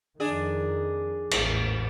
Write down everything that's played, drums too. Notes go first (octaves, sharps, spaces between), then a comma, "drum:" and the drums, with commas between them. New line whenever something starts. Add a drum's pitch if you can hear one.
F2 D#3 D4 G#4
A1 E2 G#2, drum: cymbal